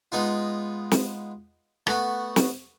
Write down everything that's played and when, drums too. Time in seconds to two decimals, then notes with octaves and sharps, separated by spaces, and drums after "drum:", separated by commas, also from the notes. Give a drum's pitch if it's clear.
0.12 G#3 B3 D#4 F4
0.91 drum: snare
1.87 A3 B3 F#4, drum: rim click
2.36 drum: snare